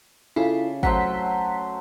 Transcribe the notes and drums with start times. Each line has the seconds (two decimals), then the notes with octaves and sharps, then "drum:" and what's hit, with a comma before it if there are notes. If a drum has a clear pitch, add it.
0.36 C#3 E4 F4 A4 D5
0.83 F#3 A3 C5 F#5 B6, drum: kick